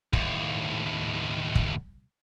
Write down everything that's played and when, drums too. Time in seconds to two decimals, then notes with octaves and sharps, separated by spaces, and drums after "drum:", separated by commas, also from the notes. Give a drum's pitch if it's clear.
0.13 D#2 A2, drum: kick
1.55 drum: kick